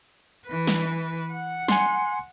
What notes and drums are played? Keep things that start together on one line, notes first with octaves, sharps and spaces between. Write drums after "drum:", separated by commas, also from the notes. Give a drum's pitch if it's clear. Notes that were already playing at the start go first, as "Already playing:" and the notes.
E3 B4
drum: snare
F#5
G#5 C6, drum: snare